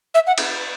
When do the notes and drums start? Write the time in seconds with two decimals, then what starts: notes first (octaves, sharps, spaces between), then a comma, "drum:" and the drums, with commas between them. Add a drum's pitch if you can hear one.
0.15 E5
0.27 F#5
0.38 drum: cymbal